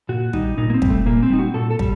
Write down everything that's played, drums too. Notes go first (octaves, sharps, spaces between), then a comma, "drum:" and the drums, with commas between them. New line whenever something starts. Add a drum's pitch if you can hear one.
A#2 F#4
G3 D#4, drum: tom
A#2 D#4
A#3
C4
G3, drum: kick
A3
A#2 A#3
C4
G3 D#4
F#4
A#2 A4
A4
G3, drum: kick